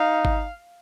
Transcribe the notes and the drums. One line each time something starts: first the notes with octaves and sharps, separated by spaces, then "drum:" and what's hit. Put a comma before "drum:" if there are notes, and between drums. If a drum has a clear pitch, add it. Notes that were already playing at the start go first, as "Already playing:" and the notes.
Already playing: D#4 F5
drum: kick G#1